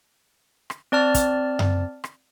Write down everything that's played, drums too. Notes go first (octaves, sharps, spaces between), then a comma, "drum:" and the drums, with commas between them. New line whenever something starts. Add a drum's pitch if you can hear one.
drum: rim click
C4 D5 A5 F6
drum: kick, hi-hat
drum: tom F#2
drum: rim click